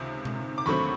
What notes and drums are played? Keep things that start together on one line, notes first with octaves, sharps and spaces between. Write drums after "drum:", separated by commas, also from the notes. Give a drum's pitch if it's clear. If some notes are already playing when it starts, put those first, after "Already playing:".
Already playing: C#2 C3 D#3
drum: tom B2
D6
D#2 D3 F#3 A3 C4 B5 C#6